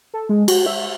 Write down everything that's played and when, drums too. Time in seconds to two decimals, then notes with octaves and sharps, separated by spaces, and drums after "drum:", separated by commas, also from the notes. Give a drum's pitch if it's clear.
0.14 A4
0.29 G#3
0.48 F#4, drum: cymbal
0.66 E5